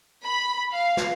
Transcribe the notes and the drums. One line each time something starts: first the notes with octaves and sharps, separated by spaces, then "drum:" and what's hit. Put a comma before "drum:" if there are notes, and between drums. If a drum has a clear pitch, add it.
B5
F5
drum: snare